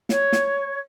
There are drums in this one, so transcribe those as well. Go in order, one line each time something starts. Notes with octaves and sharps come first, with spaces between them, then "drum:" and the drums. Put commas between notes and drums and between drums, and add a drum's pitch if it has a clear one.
C#5, drum: snare
drum: snare